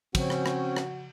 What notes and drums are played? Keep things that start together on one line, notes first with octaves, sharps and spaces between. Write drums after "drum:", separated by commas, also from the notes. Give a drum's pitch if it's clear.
C#3 F3 C4 C#4 F#4, drum: kick, cymbal
drum: rim click
drum: rim click
drum: rim click